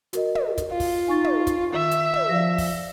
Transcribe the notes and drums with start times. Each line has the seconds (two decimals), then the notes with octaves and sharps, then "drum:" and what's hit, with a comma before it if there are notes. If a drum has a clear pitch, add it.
0.13 F#4 A#4 D#5, drum: hi-hat
0.35 drum: tom
0.58 drum: kick, hi-hat
0.71 F4 F5
0.80 drum: kick, open hi-hat
1.08 D#4 G#5 C#6 A6
1.24 drum: tom
1.47 drum: kick, hi-hat
1.74 D#3 E5
1.91 drum: hi-hat
2.14 drum: tom
2.29 F3 D5 F5 A#6
2.58 drum: kick, open hi-hat